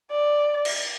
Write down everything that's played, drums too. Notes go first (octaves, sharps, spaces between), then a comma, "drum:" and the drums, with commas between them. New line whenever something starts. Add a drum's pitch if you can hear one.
D5
drum: cymbal